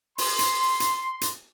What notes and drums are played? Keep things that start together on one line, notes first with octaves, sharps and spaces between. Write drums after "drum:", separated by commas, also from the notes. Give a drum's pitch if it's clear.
C6, drum: open hi-hat
drum: hi-hat
drum: hi-hat
drum: hi-hat